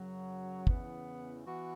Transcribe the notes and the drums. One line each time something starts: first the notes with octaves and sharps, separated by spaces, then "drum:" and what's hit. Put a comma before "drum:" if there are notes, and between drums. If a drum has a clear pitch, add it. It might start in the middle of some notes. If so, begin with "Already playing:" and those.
Already playing: F#2 C#3 F#3
E2 C#3 E3 B3, drum: kick
E3 B3 F#4